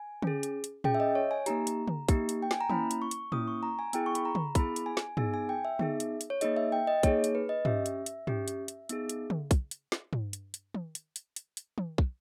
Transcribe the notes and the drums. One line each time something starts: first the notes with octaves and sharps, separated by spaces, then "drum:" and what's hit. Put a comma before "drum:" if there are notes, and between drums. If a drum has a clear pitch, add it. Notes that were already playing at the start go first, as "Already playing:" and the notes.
Already playing: G#5
C#4 G#4, drum: tom
drum: hi-hat
drum: hi-hat
C#4 G#4 G5, drum: tom A2
E5
D#5
C#5
G#5
A#3 D#4 G4 A#5, drum: hi-hat
drum: hi-hat
drum: tom
A#3 D#4 G4, drum: kick, hi-hat
drum: hi-hat
G5
G#5, drum: snare
A#5
A#3 C#4 E4 B5, drum: tom
drum: hi-hat
C#6
drum: hi-hat
A#3 C#4 E4 D#6, drum: tom A2
C#6
A#5
G#5
B3 E4 G#4 G5, drum: hi-hat
C#6
B5, drum: hi-hat
A#5
drum: tom
B3 E4 G#4 B5, drum: kick, hi-hat
drum: hi-hat
G#5
drum: snare
B3 D#4 G#4 G#5, drum: tom
G#5
G5
E5
B3 D#4 G#4, drum: tom
drum: hi-hat
drum: hi-hat
C#5
A#3 D#4 G#4 D#5, drum: hi-hat
E5
G5
D#5
A#3 D#4 G#4 C#5, drum: kick, hi-hat
drum: hi-hat
B4
D#5
C#4 G4 E5, drum: tom
drum: hi-hat
drum: hi-hat
C#4 G4, drum: tom
drum: hi-hat
drum: hi-hat
B3 D#4 G#4, drum: hi-hat
drum: hi-hat
drum: tom
drum: kick, hi-hat
drum: hi-hat
drum: snare
drum: tom
drum: hi-hat
drum: hi-hat
drum: tom
drum: hi-hat
drum: hi-hat
drum: hi-hat
drum: hi-hat
drum: tom
drum: kick